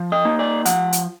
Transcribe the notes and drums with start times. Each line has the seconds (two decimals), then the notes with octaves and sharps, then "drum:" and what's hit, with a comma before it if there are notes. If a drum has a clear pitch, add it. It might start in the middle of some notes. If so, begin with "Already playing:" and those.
Already playing: F3
0.12 D#5
0.25 A#3 D#4
0.39 D5
0.65 F3 F#5, drum: hi-hat
0.93 drum: hi-hat